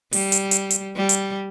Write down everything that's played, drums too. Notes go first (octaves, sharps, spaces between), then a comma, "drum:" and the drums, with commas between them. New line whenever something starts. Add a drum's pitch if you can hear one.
G3, drum: open hi-hat
drum: hi-hat
drum: hi-hat
drum: hi-hat
G3
drum: hi-hat